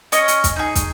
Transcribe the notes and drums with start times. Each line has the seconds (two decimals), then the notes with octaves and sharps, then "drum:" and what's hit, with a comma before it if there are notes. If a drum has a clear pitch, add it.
0.12 C#4 C#5 D#5, drum: hi-hat
0.28 drum: hi-hat
0.44 drum: kick, hi-hat
0.56 D#4 G#4
0.75 drum: kick, hi-hat